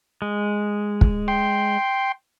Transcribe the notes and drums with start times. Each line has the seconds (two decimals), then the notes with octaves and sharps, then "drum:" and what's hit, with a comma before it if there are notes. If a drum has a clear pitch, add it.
0.22 G#3
1.01 drum: kick
1.28 G5 C6